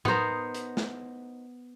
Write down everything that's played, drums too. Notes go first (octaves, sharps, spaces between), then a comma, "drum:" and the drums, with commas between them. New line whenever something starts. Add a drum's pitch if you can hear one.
B3 D#4 A#4 C5, drum: tom A2
drum: hi-hat
drum: snare A3